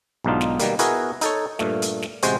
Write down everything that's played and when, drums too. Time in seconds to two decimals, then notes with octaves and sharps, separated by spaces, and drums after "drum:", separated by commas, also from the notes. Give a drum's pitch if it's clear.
0.24 B1 G#2 B2 D4 D#4 F4
0.41 drum: snare
0.60 B2 D#3 G3 A#3, drum: hi-hat
0.79 B3 E4 F#4 G#4 A#4 B4, drum: hi-hat
1.21 D#4 A4 C#5, drum: hi-hat
1.59 G2 A#2 A3, drum: snare
1.82 drum: hi-hat
2.02 drum: snare
2.23 A1 C3 G#3 F#4 C5, drum: hi-hat